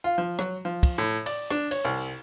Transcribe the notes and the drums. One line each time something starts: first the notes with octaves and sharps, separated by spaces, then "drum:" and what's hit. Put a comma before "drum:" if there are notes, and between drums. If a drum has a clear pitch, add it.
F4
F3
F#3, drum: rim click
F3
drum: kick, cymbal
A2
D5, drum: cymbal
D4, drum: rim click
C#5, drum: cymbal
C2